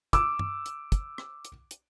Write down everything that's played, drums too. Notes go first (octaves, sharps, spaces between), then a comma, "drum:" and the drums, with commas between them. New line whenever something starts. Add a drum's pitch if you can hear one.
D6 E6, drum: kick, hi-hat
drum: tom
drum: hi-hat
drum: kick, hi-hat
drum: rim click
drum: hi-hat
drum: hi-hat